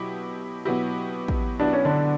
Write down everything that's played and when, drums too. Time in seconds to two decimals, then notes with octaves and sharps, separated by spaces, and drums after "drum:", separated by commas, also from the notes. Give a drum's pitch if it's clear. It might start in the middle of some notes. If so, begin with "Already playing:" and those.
Already playing: B2 F#3 B3 E4 G4
0.65 B2 F#3 B3 E4 G4
1.28 drum: kick
1.60 B2 F#3 B3 D4 E4 G4
1.73 C#4
1.85 D3 D4